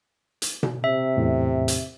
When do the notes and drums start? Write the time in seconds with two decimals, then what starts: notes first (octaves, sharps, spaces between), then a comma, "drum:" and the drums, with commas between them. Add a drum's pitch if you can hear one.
0.42 drum: hi-hat
0.63 drum: tom B2
0.84 C3 E5
1.17 E2 A2
1.68 drum: hi-hat